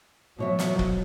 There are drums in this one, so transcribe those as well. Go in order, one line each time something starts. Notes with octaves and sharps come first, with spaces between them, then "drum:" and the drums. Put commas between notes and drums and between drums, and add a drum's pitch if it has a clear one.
B2 F3 F#3 C#5 E5
drum: snare
drum: kick